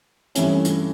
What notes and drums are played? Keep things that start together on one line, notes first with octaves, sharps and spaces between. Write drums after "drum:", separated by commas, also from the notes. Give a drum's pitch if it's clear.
G2 E3 A3 C#4, drum: hi-hat
drum: hi-hat